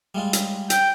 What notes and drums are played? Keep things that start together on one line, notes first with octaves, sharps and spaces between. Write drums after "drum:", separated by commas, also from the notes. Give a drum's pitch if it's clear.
G3 G#3 F4
drum: hi-hat
G5, drum: hi-hat